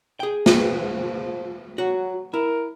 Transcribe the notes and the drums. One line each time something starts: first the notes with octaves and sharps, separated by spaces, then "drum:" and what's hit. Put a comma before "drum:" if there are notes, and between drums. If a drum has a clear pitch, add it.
G#4 G5
drum: snare
F3
F#3 F#4
E4 A#4